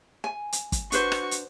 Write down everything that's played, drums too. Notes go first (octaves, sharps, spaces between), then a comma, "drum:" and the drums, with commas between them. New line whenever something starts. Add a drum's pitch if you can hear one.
G#5
drum: hi-hat
drum: kick, hi-hat
D4 F#4 B4 C5 C#6, drum: hi-hat
drum: rim click
drum: hi-hat